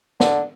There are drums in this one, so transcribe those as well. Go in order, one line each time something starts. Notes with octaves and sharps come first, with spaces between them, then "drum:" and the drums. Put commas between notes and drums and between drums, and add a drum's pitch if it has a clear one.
D3, drum: snare